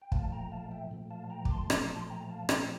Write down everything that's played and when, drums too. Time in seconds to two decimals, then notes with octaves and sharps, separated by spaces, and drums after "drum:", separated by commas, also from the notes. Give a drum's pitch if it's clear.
0.02 G5
0.12 A#2 F3 A3 F5 A5, drum: kick
0.32 G5 A#5
0.52 F5 A5
0.71 E5 G5
0.91 A#2 F3 A3
1.10 F5 A5
1.30 G5 A#5
1.45 D6, drum: kick
1.50 A5 C6
1.70 A#2 F3 A3 A#5 D6, drum: rim click
1.90 A5 C6
2.09 G5 A#5
2.29 F5 A5
2.49 A#2 F3 A3 G5 A#5, drum: rim click